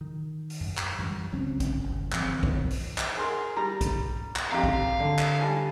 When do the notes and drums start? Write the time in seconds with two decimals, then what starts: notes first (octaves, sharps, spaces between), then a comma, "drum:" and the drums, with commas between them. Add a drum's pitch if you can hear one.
0.01 D#3
0.50 drum: open hi-hat
0.60 F#2
0.77 drum: clap
0.99 F#2 E3 F3 G3
1.33 C#2 F#3 C4 C#4
1.60 drum: kick A#1, hi-hat
1.83 F#1 E2
2.12 G1 E3 F3 C4, drum: clap
2.43 drum: kick A#1
2.70 drum: open hi-hat
2.98 drum: clap
3.17 G#4 A#4 C6
3.56 G3 A#5
3.81 drum: kick A#1, hi-hat
4.36 drum: clap
4.52 F2 G4 F5 A#5
4.64 drum: kick A#1
5.00 D3
5.19 drum: clap
5.39 G3 G#5 A5